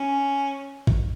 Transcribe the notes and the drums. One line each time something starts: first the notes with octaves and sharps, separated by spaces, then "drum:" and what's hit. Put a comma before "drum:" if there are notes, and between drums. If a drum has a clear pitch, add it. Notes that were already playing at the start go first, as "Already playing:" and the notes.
Already playing: C#4
drum: kick